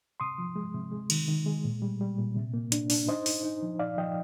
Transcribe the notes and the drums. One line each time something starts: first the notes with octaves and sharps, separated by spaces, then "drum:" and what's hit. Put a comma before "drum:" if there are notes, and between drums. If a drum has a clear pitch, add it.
C3 C6 D#6
F3
G#3
C3
G#3
D#3, drum: cymbal
D#3
G#3
A#2
G3
G3
A#2
C3
A#3
D4, drum: hi-hat
D4, drum: open hi-hat
D#4 C5 D#5
D#4, drum: open hi-hat
D#4
F3
A#2 D5 F5
F3 D#5 G5